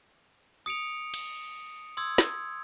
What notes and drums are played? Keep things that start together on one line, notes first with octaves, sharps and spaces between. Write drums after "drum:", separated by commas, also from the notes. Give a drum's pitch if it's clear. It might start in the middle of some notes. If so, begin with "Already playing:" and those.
D#6 C#7 D7 F7
drum: cymbal
C6 D#6 E6 G#6
drum: snare